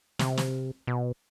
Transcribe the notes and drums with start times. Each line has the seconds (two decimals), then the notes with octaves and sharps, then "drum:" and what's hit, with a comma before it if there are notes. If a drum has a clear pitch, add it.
0.19 C3, drum: snare
0.37 drum: snare
0.87 B2